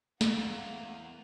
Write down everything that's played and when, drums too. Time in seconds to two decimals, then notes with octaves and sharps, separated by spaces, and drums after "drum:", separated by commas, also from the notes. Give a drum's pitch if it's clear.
0.21 E2 A#3 F#5, drum: snare